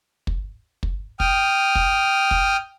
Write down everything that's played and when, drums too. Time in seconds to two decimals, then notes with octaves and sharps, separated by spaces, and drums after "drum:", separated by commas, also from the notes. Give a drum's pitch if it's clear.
0.27 drum: kick
0.83 drum: kick
1.20 G5 D#6 F6, drum: kick
1.75 drum: kick
2.31 drum: kick